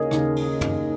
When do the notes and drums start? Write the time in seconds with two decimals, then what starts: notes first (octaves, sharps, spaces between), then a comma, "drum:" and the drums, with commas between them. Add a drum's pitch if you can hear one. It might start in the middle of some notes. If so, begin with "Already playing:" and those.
Already playing: D#2 C#3 A#3 G#4 A#4 C#5 D#5
0.11 D#2 C#3 A#3, drum: rim click
0.36 drum: cymbal
0.61 drum: tom